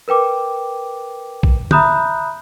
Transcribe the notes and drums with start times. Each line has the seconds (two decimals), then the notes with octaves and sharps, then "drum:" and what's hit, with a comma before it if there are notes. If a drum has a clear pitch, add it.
0.08 A#4 B4 G5 D6
1.43 drum: kick A#1
1.71 E5 A#5 B5 D#6 F#6 G6, drum: tom